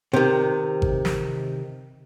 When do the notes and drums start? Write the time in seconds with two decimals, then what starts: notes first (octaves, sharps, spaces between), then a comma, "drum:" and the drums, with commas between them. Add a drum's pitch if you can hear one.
0.13 C3 D#3
0.82 drum: kick G#1
1.05 drum: snare